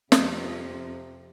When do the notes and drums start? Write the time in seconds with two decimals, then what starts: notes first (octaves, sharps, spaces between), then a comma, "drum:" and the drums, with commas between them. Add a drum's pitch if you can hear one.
0.12 F2 C3 F3, drum: snare